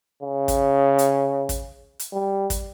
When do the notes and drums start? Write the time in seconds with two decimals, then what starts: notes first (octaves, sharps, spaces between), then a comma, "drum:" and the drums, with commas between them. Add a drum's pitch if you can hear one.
0.23 C#3
0.48 drum: kick, hi-hat
0.99 drum: hi-hat
1.49 drum: kick, hi-hat
2.00 drum: hi-hat
2.13 G3
2.50 drum: kick, hi-hat